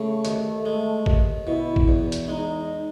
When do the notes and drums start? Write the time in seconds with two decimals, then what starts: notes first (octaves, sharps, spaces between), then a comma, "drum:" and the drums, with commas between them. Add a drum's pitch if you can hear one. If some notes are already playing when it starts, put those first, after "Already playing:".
Already playing: C#3 A3
0.25 D#2, drum: hi-hat
0.65 G#3
1.06 D#2, drum: kick
1.47 B2 E4
1.76 drum: kick
1.88 E2
2.12 drum: hi-hat
2.28 G#3 D#4